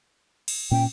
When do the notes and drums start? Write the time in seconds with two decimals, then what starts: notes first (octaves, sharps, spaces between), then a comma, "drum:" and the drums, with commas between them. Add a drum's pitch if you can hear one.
0.48 drum: cymbal
0.71 A#2 C#4 G5